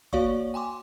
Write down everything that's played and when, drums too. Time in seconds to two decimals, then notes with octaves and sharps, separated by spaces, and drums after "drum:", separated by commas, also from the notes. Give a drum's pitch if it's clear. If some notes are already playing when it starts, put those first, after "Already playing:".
0.13 A#3 F#4 C#5 D5 F5 C#6, drum: kick G1
0.54 G5 G#5 C6 D6